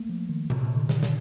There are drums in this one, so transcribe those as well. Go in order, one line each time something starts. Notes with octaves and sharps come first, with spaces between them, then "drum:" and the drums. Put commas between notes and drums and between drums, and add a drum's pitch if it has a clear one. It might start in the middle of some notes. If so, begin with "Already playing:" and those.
Already playing: A3 A#3
F3
D#3
C3, drum: tom A2
A#2
D3
D#3, drum: snare
drum: snare